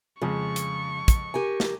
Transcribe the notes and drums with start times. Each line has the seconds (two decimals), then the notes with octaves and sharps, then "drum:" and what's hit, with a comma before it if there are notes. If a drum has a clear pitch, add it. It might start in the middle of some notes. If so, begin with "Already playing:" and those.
0.22 F2 C#3 G#3 C#6
0.56 drum: hi-hat
1.08 drum: kick, hi-hat
1.34 G4 A#4 G#5
1.60 drum: snare